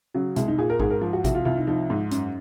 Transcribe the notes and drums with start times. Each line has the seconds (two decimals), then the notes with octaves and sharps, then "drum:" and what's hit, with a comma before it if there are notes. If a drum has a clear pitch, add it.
0.14 C#3 F#3
0.36 C2 G#3, drum: hi-hat
0.48 D#4
0.58 A#2 G#4
0.70 A#4
0.80 G#2 G#4, drum: kick A1
0.90 A#4
1.01 F3
1.13 F#4
1.24 C2 F#4, drum: kick A1, hi-hat
1.35 F4
1.45 C2 F4
1.57 D#4
1.67 F3 D#4
1.90 G#2
2.11 F#2, drum: hi-hat